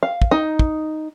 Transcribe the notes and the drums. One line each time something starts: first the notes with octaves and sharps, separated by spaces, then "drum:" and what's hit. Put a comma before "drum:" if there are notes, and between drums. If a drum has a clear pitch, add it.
F5
drum: kick
D#4
drum: kick